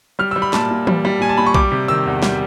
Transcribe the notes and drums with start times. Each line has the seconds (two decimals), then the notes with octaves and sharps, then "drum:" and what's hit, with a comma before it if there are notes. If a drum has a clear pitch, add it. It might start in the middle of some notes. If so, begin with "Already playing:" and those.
0.19 G3 F6
0.31 E6
0.36 G3
0.42 B5
0.53 A#2 A5, drum: snare
0.71 A#2
0.87 G3, drum: tom E3
1.05 G3
1.21 A#2 G#5
1.29 A5
1.37 A#2 B5
1.46 C#6
1.54 G3 D6, drum: kick B1
1.72 C3
1.88 D#3 E6
2.06 E2
2.22 G3, drum: snare